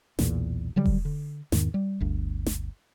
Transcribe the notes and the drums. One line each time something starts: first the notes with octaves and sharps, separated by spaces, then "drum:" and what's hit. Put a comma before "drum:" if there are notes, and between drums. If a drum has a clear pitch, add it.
B1 E2 A#2, drum: snare
D3 F#3 G3
drum: kick E1
D3
E2 G#2 D#3, drum: snare
G3
G1 D2
drum: snare